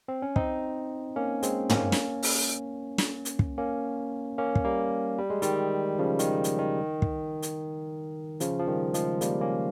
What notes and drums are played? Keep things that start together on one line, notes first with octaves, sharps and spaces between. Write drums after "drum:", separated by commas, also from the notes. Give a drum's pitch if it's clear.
C4
C#4
C4 D#4, drum: kick
A#3 C#4
G#3 C4, drum: hi-hat
A#3 C#4, drum: tom
drum: snare
drum: open hi-hat
drum: snare
drum: hi-hat
drum: kick
A#3 C#4
A#3 C#4
drum: kick
G3 A#3
G3
G#3
D#3 G3, drum: hi-hat
C#3 F3
D#3, drum: hi-hat
drum: hi-hat
D#3
drum: kick
drum: hi-hat
C#3 F3, drum: hi-hat
F3
D#3 G3
F3 G#3, drum: hi-hat
G3 A#3, drum: hi-hat
A#3 C#4